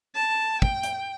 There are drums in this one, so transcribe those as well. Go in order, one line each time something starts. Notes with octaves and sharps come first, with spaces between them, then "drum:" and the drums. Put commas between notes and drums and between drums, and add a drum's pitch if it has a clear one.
A5
G5, drum: kick
drum: hi-hat